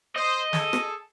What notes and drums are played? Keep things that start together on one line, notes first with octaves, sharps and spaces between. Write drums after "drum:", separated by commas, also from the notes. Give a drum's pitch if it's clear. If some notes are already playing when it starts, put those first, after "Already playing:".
C5 D#5
G#4 A4, drum: snare
drum: rim click